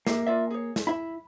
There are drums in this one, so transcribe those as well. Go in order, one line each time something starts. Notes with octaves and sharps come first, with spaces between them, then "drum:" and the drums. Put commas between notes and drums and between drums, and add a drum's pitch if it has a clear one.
A#3 G4 E5, drum: snare
F4 D5 E5
G#4 C#5
drum: snare
E4 E5 B5